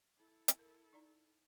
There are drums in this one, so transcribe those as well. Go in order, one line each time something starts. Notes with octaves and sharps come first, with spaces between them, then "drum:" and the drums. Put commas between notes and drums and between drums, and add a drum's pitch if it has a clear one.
E4 A4
drum: hi-hat
A#4
D#4 D5 A#5